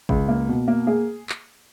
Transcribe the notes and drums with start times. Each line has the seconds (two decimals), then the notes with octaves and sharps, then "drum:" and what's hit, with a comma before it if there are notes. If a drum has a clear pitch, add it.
0.09 C#2, drum: kick
0.28 A#3
0.49 B2
0.68 A#3
0.87 A#3 G#4
1.29 drum: clap